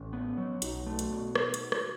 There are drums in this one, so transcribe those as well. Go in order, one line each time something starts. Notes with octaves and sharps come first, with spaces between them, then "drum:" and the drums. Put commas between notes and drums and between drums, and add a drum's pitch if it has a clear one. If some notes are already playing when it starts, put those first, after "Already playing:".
Already playing: A1 C#4
B3
F#3
B1 D#4 F#4, drum: hi-hat
A3
drum: hi-hat
B2
drum: rim click
drum: hi-hat
drum: rim click